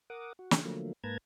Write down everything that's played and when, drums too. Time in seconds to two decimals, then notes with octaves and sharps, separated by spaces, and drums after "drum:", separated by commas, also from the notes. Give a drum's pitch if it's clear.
0.10 A#4 F#5 D6 D#6
0.39 F#4
0.51 C#4 D4, drum: snare
0.65 D3 F3 F#3 A3 A#3
1.04 G#2 A#3 B4 A5 A#5 G#6